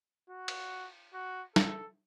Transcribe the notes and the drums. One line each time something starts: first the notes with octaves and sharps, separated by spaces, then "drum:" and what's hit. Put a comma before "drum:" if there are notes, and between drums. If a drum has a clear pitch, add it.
F#4
drum: cymbal
F#4
A4, drum: snare